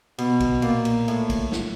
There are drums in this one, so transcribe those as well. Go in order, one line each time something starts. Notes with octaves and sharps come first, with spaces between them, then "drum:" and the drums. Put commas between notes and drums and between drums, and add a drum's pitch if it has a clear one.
B2, drum: cymbal
drum: kick, cymbal
A#2, drum: cymbal
drum: cymbal
A2, drum: cymbal
drum: kick, cymbal
drum: snare